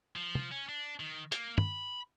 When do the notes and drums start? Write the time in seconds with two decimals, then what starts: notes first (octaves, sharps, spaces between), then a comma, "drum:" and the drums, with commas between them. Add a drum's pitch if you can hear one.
0.16 F3
0.35 drum: tom
0.51 C#4
0.69 D4
1.00 D#3
1.32 A#3, drum: hi-hat
1.58 B5, drum: tom